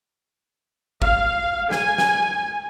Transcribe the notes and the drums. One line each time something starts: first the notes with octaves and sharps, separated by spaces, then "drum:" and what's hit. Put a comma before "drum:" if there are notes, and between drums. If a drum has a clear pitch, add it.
F5, drum: kick
G#5, drum: snare
drum: snare